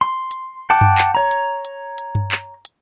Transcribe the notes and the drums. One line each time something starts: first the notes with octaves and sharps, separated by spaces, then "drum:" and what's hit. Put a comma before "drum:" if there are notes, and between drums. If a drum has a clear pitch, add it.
C6
drum: hi-hat
F#5 G5 A5 D6
drum: tom F#2
drum: clap
C#5 A#5
drum: hi-hat
drum: hi-hat
drum: hi-hat
drum: tom G2
drum: clap
drum: hi-hat